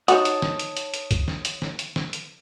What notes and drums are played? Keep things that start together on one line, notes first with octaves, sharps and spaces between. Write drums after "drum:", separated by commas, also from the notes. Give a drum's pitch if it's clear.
D#4 F#4 C#5 A5 D#6, drum: hi-hat
drum: hi-hat
drum: snare
drum: hi-hat
drum: hi-hat
drum: hi-hat
drum: kick C2, hi-hat
drum: snare
drum: hi-hat
drum: snare
drum: hi-hat
drum: snare
drum: hi-hat